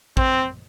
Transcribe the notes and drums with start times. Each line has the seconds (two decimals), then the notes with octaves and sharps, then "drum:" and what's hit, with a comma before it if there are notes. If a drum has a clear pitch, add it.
0.17 C4, drum: kick A1